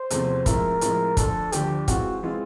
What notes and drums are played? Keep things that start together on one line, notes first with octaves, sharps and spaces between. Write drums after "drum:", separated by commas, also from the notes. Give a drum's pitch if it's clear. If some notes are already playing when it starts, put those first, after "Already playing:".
Already playing: C5
E2 C3 F3 A3 C4, drum: hi-hat
A2 F3 G#3 C4 E4 A#4, drum: kick, hi-hat
A2 F3 G#3 C4 E4, drum: hi-hat
D2 D3 F3 A4, drum: kick, hi-hat
D2 D3 F3 G4, drum: hi-hat
E3 G#3 C4 F4 F#4, drum: kick, hi-hat
E3 G#3 C4 F4